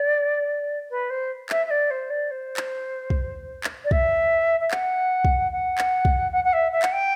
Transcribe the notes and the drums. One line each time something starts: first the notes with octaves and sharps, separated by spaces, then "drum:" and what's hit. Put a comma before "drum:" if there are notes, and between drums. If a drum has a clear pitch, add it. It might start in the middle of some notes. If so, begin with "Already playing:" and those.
Already playing: D5
B4
C5
E5, drum: clap
E5
D5
C5
D5
C5
drum: clap
drum: kick
drum: clap
D5
E5, drum: kick
E5
F#5, drum: clap
drum: kick
F#5
drum: clap
drum: kick
F#5
F#5
E5
E5
F#5, drum: clap
G5